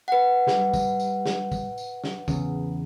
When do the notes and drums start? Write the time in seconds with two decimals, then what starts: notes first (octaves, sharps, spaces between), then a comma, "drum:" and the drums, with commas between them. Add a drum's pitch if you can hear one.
0.08 B4 F#5
0.48 G3, drum: snare
0.74 drum: kick, tambourine
1.00 drum: tambourine
1.26 drum: snare
1.52 drum: kick, tambourine
1.78 drum: tambourine
2.04 drum: snare
2.28 E2 C#3, drum: kick, tambourine